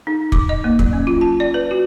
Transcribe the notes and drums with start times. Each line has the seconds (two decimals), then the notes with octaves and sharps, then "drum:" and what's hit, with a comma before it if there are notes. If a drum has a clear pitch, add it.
0.07 D#4
0.32 D6, drum: kick
0.49 D#5
0.64 A#3
0.79 F#3, drum: kick
0.93 C#4
1.07 F4
1.21 A5
1.40 D5
1.54 B4
1.71 F#4